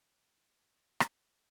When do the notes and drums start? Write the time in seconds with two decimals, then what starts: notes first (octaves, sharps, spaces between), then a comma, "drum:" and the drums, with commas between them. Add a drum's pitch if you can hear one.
0.15 A#3 C4
1.00 drum: rim click